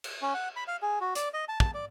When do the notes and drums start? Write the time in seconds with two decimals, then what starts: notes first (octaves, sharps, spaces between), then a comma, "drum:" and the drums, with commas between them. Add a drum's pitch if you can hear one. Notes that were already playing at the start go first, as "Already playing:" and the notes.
0.04 drum: cymbal
0.22 C#4
0.34 F#5
0.56 B5
0.68 F5
0.82 G#4
1.01 F#4
1.15 D5, drum: hi-hat
1.34 D#5
1.49 A5
1.60 A5, drum: kick
1.74 D5